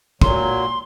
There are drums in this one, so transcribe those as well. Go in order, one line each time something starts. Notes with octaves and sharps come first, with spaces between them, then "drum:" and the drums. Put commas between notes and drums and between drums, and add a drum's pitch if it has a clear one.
A#2 F#3 C6, drum: kick